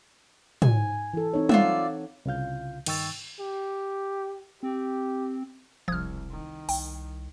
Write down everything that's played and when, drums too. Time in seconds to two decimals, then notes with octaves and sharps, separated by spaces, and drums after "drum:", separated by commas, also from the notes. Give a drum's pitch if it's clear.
0.62 G#5, drum: tom
1.14 E3 A4
1.34 C4 D#4 C#5
1.49 F4 C#5 D5 E5 F#5, drum: tom
2.25 C2 C#3 F4 F5 G6
2.86 G2 D#3 G5 C#6 E6 A6, drum: cymbal
3.40 G4
4.63 C4 G4
5.88 E1 C2 F3 D#6 F6 G#6
6.31 D#3
6.69 C2 G5, drum: open hi-hat